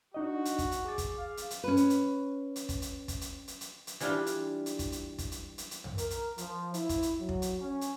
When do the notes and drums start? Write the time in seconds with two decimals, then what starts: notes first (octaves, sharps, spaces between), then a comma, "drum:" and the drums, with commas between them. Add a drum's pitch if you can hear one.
0.14 D4 D#4 F#4 D#5
0.45 drum: hi-hat
0.58 drum: kick, hi-hat
0.72 drum: hi-hat
0.85 G#4 D6 A6
0.98 drum: kick, hi-hat
1.18 F5
1.37 drum: hi-hat
1.50 drum: hi-hat
1.64 C#4 B4
1.77 drum: hi-hat
1.90 drum: hi-hat
2.56 drum: hi-hat
2.69 drum: kick, hi-hat
2.82 drum: hi-hat
3.08 drum: kick, hi-hat
3.21 drum: hi-hat
3.48 drum: hi-hat
3.61 drum: hi-hat
3.87 drum: hi-hat
4.00 E3 G3 D4 F4, drum: hi-hat
4.26 drum: hi-hat
4.66 drum: hi-hat
4.79 drum: kick, hi-hat
4.92 drum: hi-hat
5.18 drum: kick, hi-hat
5.32 drum: hi-hat
5.58 drum: hi-hat
5.71 drum: hi-hat
5.84 drum: tom
5.98 A#4, drum: hi-hat
6.10 drum: hi-hat
6.38 F3, drum: hi-hat
6.74 E4, drum: hi-hat
6.89 drum: kick, hi-hat
7.02 drum: hi-hat
7.19 F#3
7.29 drum: kick
7.42 drum: hi-hat
7.60 C#4
7.81 drum: hi-hat